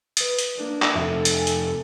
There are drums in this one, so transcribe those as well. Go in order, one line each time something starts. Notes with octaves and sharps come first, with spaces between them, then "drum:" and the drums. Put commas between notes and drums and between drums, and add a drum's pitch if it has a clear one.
B4 D#6, drum: hi-hat
drum: hi-hat
A#3 D4
drum: clap
F2 C3 A4 E5
drum: hi-hat
G#5
drum: hi-hat